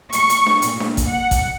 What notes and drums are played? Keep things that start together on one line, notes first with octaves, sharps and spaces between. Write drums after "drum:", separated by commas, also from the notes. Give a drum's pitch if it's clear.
C#6, drum: hi-hat
drum: hi-hat
drum: snare D4
A#2, drum: hi-hat
drum: snare D4
drum: kick, hi-hat
F#5
drum: kick, hi-hat